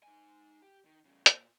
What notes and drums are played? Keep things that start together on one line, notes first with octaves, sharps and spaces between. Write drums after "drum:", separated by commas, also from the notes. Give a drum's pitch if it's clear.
D#4 G#5
G4
D#3
E2 C#3
A#2, drum: hi-hat